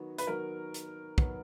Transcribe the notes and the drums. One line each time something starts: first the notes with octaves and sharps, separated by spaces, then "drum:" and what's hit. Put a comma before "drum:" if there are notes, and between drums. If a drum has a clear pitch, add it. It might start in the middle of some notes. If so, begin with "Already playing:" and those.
Already playing: D#3 F#3 B3 F#4
B4, drum: hi-hat
D#3 F#3 B3 F#4 A#4
drum: hi-hat
D#3 F#3 B3 F#4, drum: kick